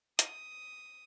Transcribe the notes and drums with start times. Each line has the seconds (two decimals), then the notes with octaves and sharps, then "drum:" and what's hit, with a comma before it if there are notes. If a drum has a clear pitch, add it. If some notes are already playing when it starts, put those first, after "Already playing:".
0.19 D#6, drum: hi-hat